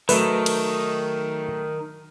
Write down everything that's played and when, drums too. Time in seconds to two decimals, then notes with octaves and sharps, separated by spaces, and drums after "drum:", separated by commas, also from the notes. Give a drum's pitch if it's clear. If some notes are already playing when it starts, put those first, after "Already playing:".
0.09 D#3 F#3 A3 B4, drum: open hi-hat
0.46 drum: cymbal